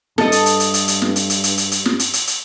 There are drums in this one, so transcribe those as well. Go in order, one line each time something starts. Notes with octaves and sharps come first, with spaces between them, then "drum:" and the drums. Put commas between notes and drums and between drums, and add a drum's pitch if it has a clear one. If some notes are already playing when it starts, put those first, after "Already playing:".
G2 A4 D#5, drum: snare
drum: hi-hat
drum: hi-hat
drum: hi-hat
drum: hi-hat
drum: hi-hat
drum: snare
drum: hi-hat
drum: hi-hat
drum: hi-hat
drum: hi-hat
drum: hi-hat
drum: snare
drum: hi-hat
drum: hi-hat
drum: hi-hat